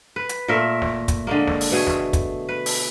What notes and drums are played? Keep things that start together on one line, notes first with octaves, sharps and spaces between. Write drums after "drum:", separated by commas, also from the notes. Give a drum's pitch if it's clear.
B4
drum: hi-hat
A#2 A3 A#4 E5
drum: snare
drum: kick, hi-hat
D3 G#3 A#3
drum: snare
drum: open hi-hat
B2 A3 G#4
drum: snare
drum: kick, hi-hat
B4
drum: open hi-hat